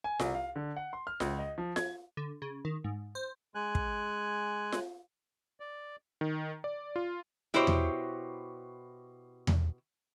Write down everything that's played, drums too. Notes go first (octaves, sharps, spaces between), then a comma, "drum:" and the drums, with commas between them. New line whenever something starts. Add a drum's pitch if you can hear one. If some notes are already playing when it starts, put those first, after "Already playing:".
G#5
C2, drum: snare F4
F5
D3
F#5
C6
F6
C#2, drum: snare F4
D#5
F3
G#6, drum: snare F4
D3
C#3
D#3
G#2
C5
G#3 G#5 F#6
drum: kick
drum: snare F4
D5
D#3
D5
F4
B2 E4 F#4 G4 C5 C#5
drum: tom E2
drum: tom E2